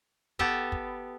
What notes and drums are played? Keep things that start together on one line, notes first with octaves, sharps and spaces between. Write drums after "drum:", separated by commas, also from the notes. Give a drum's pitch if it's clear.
B3 G4 A4, drum: kick
drum: kick